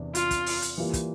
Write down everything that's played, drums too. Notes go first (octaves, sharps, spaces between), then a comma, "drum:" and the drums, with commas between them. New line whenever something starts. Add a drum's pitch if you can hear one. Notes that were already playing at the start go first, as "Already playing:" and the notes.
Already playing: E2 C3 E3 D4
F4, drum: hi-hat
drum: kick, hi-hat
drum: open hi-hat
drum: hi-hat
E3 G3 A#3 F4
drum: kick, hi-hat